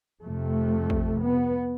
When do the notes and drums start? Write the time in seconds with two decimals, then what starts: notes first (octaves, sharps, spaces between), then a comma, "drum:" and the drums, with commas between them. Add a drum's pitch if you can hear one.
0.23 F2 C3 A3
0.90 drum: kick
1.23 B3